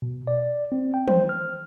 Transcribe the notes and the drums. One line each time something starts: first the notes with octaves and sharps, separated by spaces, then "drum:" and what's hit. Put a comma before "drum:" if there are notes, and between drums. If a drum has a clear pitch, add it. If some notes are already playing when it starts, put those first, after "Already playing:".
B2
D5
C4
G5
C5, drum: tom
F6